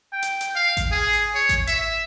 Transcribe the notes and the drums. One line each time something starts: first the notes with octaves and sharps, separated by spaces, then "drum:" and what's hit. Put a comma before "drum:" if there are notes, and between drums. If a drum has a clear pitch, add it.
G5
drum: hi-hat
drum: hi-hat
F5
drum: kick A1, hi-hat
G#4
drum: open hi-hat
C#5
drum: kick A1, hi-hat
E5, drum: hi-hat